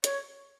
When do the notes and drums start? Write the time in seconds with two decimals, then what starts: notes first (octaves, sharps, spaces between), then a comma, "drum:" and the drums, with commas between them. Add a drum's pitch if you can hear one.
0.04 C#5, drum: hi-hat